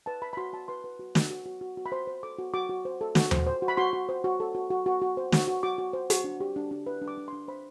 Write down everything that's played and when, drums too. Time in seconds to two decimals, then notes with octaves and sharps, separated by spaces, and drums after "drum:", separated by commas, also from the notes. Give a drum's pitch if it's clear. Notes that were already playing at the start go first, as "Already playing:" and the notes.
0.06 B4 A5
0.22 B4 B5
0.33 B5
0.37 F#4 C6
0.53 F#4 A5
0.68 B4 C6
0.84 B4
0.99 F#4
1.15 F#4, drum: snare
1.31 F#4
1.46 F#4
1.61 F#4
1.77 F#4
1.86 B5
1.92 C5 C6
2.07 C5
2.23 A4 D6
2.38 F#4
2.54 F#4 D6
2.69 F#4
2.85 C5
3.01 A4
3.15 F#4, drum: snare
3.31 C5, drum: tom D#2
3.47 C5
3.62 F#4
3.68 B5
3.77 F#4 C6
3.93 F#4
4.09 C5
4.24 F#4
4.40 A4
4.55 F#4
4.70 F#4
4.86 F#4
5.02 F#4
5.17 C5
5.32 F#4, drum: snare
5.48 F#4
5.63 F#4 D6
5.78 F#4
5.93 C5
6.10 F#4, drum: hi-hat
6.24 D4
6.41 G4
6.56 D4
6.71 D4
6.86 B4
7.02 D4
7.08 D6
7.18 D4
7.28 D4 C6
7.48 C5 B5